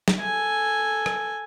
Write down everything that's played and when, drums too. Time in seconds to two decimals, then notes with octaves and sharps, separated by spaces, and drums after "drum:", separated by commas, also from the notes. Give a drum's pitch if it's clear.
0.08 drum: snare
0.20 A4 G#5
1.06 drum: rim click